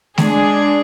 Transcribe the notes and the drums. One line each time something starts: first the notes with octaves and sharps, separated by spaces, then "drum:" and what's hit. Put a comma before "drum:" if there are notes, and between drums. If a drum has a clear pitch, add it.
G#3 D4 G#4, drum: snare A3